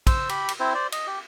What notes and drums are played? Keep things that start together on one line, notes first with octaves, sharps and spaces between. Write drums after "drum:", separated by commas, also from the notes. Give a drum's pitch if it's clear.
C5 E6, drum: kick, cymbal
G4 B5, drum: cymbal
drum: cymbal
C4 E4 C5
C5 D5
D#5, drum: cymbal
G4